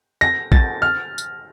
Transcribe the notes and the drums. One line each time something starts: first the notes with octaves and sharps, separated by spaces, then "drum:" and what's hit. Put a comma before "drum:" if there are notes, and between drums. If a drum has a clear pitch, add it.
A#6
A6, drum: kick
F6
drum: tambourine